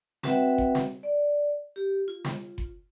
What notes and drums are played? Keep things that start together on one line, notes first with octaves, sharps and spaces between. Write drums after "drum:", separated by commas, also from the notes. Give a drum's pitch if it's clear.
C4 F#4 B4 E5 F#5 G5, drum: snare
drum: kick F#1
drum: snare
D5
G4
F4
drum: snare
drum: kick F#1